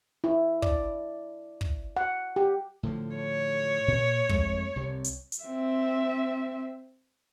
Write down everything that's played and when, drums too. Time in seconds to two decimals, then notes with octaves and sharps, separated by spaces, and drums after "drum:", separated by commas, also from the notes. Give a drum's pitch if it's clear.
0.24 E4
0.62 D5, drum: kick
1.61 drum: kick
1.97 F#5
2.36 G4
2.83 A2 D3 F3
3.16 C#5
3.88 A#2
4.29 F2 G#3 A3, drum: kick
4.76 C2 C3
5.04 drum: hi-hat
5.32 drum: hi-hat
5.43 C4 E5